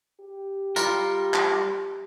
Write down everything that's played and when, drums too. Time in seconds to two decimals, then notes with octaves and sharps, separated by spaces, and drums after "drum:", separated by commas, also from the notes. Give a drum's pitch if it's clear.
0.20 G4
0.76 G3 F4 A#4, drum: tambourine
1.34 drum: clap